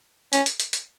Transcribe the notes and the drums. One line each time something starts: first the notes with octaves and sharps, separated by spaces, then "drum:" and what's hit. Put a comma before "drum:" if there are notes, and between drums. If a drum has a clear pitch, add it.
C#4, drum: hi-hat
drum: hi-hat
drum: hi-hat
drum: hi-hat